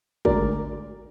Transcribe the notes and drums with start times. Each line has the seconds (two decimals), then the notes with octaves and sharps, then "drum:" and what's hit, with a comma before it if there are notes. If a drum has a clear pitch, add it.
0.25 D2 D3 G#3 A#4 D5, drum: kick G#1